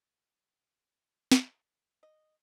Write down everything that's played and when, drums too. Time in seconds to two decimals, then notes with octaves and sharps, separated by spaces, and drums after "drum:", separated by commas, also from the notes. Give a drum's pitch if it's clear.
1.32 drum: snare
2.03 D#5